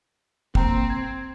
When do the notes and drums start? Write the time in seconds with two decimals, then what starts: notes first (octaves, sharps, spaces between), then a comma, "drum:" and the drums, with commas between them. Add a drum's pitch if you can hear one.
0.55 A#3 C4 G5 A#5, drum: kick
0.90 G#6